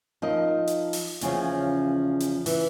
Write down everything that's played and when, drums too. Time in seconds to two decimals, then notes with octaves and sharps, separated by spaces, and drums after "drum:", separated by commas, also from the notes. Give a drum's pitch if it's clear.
0.22 F3 D#4 A#4 D#5
0.67 drum: hi-hat
0.93 drum: open hi-hat
1.21 E2 C#3 F3 C#4, drum: hi-hat
2.20 drum: hi-hat
2.46 E3, drum: open hi-hat